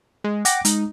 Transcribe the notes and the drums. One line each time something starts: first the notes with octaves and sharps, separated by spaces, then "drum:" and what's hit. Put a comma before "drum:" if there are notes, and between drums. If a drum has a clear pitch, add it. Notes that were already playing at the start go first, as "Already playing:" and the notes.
G#3
F#5 G5 D6 A#6, drum: hi-hat
G#3 D#4, drum: hi-hat